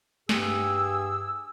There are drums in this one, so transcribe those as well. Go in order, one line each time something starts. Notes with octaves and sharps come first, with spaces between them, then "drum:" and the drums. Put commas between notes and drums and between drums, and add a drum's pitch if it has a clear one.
G2 G4 G#4 G#5 E6, drum: snare